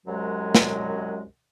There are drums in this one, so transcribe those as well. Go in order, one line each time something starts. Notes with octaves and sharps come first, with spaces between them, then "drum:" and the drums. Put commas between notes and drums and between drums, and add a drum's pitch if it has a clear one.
C2 F#2 F#3 G#3
drum: snare